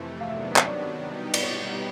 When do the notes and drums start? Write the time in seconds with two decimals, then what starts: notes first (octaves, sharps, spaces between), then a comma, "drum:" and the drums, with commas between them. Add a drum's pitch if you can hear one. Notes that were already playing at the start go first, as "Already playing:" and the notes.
Already playing: F2 C3 E3 A3
0.21 F5
0.27 C3 D#3 F#3 B3 D4 E5
0.56 C#5, drum: clap
0.66 D5
1.04 B2 G3 B3 D#4 G4
1.34 D5, drum: cymbal
1.43 C#5